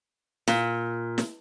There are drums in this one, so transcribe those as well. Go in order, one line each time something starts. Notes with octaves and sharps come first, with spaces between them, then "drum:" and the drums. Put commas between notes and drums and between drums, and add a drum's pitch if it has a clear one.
A#2, drum: snare
drum: snare